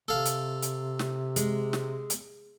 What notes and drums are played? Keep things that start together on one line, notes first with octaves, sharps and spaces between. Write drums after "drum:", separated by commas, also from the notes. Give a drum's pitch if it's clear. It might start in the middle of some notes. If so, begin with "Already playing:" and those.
C3 A4 F5
drum: hi-hat
drum: hi-hat
drum: snare
G#3, drum: hi-hat
drum: snare
drum: hi-hat